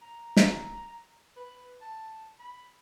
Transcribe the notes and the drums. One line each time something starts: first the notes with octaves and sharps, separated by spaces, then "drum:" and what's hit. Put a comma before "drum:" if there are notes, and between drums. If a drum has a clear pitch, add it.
A#5
drum: snare
B4
A5
B5